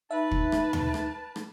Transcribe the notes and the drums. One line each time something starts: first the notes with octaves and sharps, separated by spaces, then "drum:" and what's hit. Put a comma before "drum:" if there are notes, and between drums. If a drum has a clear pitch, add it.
D#4 B4 E5 A5
drum: kick
drum: rim click
drum: tom D#2
drum: rim click
drum: rim click